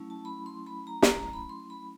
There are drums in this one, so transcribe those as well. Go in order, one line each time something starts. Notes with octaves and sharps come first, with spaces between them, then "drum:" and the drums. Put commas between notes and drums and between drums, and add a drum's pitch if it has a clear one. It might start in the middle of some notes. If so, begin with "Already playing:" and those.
Already playing: F#3 A3 C#4 E4
A5
B5
C6
B5
A#5
A#5, drum: snare
A#5
B5
C6
B5